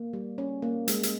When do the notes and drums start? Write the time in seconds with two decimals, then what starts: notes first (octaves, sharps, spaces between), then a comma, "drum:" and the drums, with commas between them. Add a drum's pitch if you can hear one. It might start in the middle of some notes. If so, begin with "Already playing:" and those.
Already playing: A#3
0.13 G3
0.38 C#4
0.62 A#3
0.88 G#3, drum: hi-hat
1.03 drum: hi-hat